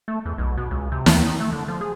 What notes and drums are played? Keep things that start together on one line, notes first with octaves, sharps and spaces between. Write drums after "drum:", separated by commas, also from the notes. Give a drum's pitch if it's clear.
A3
E2
B1
B2
C#2
C3
D#2, drum: snare
D#3
A3
D3
F3
G#4